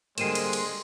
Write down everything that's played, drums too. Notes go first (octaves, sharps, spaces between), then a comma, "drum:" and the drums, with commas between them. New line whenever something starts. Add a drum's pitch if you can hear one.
D3 G3 G#3 A#3 C5 C7 D#7 E7, drum: cymbal
drum: cymbal
drum: cymbal